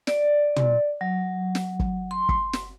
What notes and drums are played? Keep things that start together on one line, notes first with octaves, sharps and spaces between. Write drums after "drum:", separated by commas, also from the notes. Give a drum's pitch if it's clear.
D5, drum: snare
drum: tom
F#3
drum: snare
drum: kick
C6
drum: kick
drum: snare